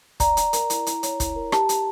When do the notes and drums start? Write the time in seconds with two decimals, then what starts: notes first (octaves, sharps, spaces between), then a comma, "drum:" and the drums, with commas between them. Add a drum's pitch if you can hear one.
0.20 D5 A#5, drum: kick, hi-hat
0.37 D5, drum: hi-hat
0.53 A#4, drum: hi-hat
0.70 E4, drum: hi-hat
0.86 E4, drum: hi-hat
1.03 C#5, drum: hi-hat
1.20 E4, drum: kick, hi-hat
1.36 A#4
1.52 G4 A5, drum: rim click
1.69 G4, drum: hi-hat